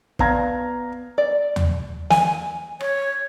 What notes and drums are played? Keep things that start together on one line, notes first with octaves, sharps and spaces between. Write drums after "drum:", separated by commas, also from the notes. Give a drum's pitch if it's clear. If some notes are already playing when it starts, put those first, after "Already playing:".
B3 D5 F5 A#5 G#6 A#6, drum: kick
D5
drum: tom
G#5, drum: snare
C#5, drum: rim click